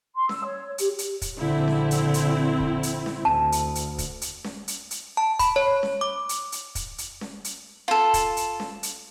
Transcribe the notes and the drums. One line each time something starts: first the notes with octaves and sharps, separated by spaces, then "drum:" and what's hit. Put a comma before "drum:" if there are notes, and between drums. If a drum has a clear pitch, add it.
C6
E6, drum: snare C#4
C#5
G4, drum: hi-hat
drum: hi-hat
drum: kick, hi-hat
A#1 D3 C4 E4
drum: snare C#4
drum: hi-hat
drum: hi-hat
drum: kick
drum: hi-hat
drum: snare C#4
D2 A5
drum: hi-hat
drum: hi-hat
drum: kick, hi-hat
drum: hi-hat
drum: snare C#4
drum: hi-hat
drum: hi-hat
A5
B5, drum: kick, hi-hat
C#5
drum: snare C#4
D6
drum: hi-hat
drum: hi-hat
drum: kick, hi-hat
drum: hi-hat
drum: snare C#4
drum: hi-hat
F4 A4
drum: kick, hi-hat
drum: hi-hat
drum: snare C#4
drum: hi-hat